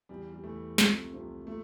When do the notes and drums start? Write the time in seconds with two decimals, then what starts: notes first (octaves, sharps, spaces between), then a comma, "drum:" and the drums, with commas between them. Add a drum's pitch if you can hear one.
0.09 E2 E3 G3
0.32 G3
0.43 E2 E3 A3
0.78 C2 C3 F3, drum: snare
1.13 C2 C3 F3
1.47 A#2 A3